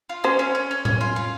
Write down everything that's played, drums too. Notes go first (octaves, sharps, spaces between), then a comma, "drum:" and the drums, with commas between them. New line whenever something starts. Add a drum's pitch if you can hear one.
F4
C#4 C5
C#4
C#4
C#4
C#4, drum: tom A2
F4
F4